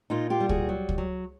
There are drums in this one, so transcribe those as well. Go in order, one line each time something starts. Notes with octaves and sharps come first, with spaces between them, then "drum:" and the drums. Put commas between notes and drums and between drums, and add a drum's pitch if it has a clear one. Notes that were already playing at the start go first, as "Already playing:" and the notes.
A#2 D#4 F4
F4 G4
G3
F#4 G#4, drum: kick
F#3
drum: kick
F#3